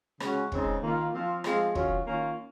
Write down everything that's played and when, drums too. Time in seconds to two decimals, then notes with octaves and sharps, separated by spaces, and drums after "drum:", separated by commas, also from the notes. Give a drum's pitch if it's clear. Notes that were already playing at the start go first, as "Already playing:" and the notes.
0.20 C#3 G#3 C#4 F#4, drum: rim click
0.52 C#3 G#3 C4 D#4, drum: kick
0.82 D#3 A#3 F4
1.14 F3 C4 F4
1.44 F3 G#3 C4 F4, drum: rim click
1.75 D#3 F#3 C#4 F4, drum: kick
2.06 D#3 A#3 C#4 F4